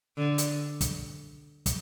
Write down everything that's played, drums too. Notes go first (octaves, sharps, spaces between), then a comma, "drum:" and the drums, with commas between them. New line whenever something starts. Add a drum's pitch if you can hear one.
D3
drum: hi-hat
drum: kick, hi-hat
drum: kick, hi-hat